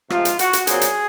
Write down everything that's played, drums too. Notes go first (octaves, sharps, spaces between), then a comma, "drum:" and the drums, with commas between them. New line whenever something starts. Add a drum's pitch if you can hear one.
C3 F3 G#3 F4, drum: rim click
drum: hi-hat
F#4, drum: hi-hat
drum: hi-hat
A#2 F#3 C4 G#4, drum: hi-hat
drum: hi-hat